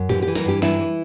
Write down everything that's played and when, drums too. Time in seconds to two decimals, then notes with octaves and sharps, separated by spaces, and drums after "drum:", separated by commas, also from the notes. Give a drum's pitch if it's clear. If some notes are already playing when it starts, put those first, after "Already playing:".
Already playing: F#2
0.09 E3 G4, drum: tom A2
0.22 G4
0.27 E3
0.35 A#4, drum: snare
0.45 G2 G4
0.62 E3 E4, drum: snare
0.79 E3